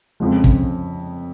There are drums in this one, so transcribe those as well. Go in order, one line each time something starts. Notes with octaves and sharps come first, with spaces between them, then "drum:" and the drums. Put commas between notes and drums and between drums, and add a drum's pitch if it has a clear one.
F2 C#3 F3 G#3
drum: kick